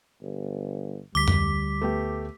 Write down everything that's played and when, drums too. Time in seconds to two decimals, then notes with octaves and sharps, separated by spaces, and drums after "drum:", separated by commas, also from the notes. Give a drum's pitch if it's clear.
0.21 G1
1.15 D2 G3 D6 B6
1.28 drum: tom F2
1.82 A3 B3 G4